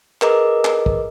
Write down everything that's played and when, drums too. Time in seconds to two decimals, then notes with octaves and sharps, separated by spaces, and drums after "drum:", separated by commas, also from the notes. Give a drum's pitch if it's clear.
0.22 G#4 A#4 B4 D#5 A#5 D6, drum: clap
0.65 drum: clap
0.86 drum: kick